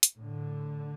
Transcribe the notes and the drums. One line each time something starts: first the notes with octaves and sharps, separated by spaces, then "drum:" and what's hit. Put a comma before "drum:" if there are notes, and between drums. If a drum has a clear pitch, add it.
drum: hi-hat
A2 D3